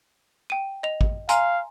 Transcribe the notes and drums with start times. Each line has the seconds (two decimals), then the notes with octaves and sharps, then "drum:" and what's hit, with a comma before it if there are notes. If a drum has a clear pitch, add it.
0.50 G5 D#7
0.83 D#5 F7
1.01 drum: kick
1.29 F5 G#5 A#5 C6, drum: hi-hat